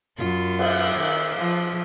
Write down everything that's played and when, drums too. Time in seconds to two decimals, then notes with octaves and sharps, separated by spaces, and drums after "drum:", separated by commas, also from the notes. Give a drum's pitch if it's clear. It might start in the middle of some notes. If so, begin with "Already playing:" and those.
0.17 F#2 F4
0.59 drum: cymbal
0.94 D#3
1.38 F3